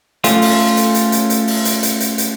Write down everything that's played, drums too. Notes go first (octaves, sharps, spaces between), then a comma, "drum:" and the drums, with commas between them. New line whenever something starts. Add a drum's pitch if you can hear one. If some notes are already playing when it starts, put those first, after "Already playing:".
A3 C#4 F4, drum: hi-hat
drum: open hi-hat
drum: hi-hat
drum: hi-hat
drum: hi-hat
drum: hi-hat
drum: open hi-hat
drum: hi-hat
drum: hi-hat
drum: hi-hat
drum: hi-hat